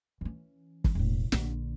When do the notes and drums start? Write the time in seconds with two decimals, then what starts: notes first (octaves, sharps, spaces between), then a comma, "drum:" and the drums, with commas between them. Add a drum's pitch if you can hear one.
0.21 E3 C#4
0.84 drum: kick F#1
0.95 E1 A2
1.32 A#1 D3, drum: snare